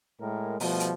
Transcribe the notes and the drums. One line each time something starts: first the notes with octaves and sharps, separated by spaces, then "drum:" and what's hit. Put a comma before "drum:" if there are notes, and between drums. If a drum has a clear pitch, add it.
A2 G#3 A#4
B2 F3 G3 A3, drum: open hi-hat
drum: hi-hat